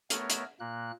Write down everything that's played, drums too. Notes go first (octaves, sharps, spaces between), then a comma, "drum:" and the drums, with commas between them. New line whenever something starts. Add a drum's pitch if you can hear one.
A3 B3 A#4 C#5, drum: hi-hat
drum: hi-hat
A#2 A#3 F#6